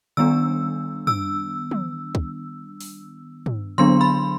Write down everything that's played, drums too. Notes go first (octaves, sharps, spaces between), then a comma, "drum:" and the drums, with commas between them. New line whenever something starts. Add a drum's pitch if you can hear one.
D#3 G3 B3 D4 E6
E6, drum: tom
drum: tom
drum: kick
drum: open hi-hat
drum: tom
D3 F#3 B3 D4 C6
B5